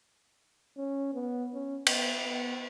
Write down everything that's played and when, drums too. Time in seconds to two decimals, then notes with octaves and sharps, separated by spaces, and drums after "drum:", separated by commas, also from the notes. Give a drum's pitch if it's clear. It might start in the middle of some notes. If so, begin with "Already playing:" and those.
0.77 C#4
1.14 B3
1.54 C#4
1.86 B3, drum: cymbal
2.23 B3